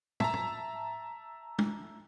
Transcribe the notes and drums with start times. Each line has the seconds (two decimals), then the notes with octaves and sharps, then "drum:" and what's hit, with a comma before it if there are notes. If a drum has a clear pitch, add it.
0.20 E5 A5 A#5, drum: tom
0.34 drum: tom
1.59 drum: tom